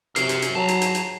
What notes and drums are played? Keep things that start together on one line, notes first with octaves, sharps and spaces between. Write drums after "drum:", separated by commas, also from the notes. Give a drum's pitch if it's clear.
C3 F#4 A#4 C7, drum: hi-hat
drum: hi-hat
drum: hi-hat
F#3 A5 A#5
drum: hi-hat
drum: hi-hat
drum: hi-hat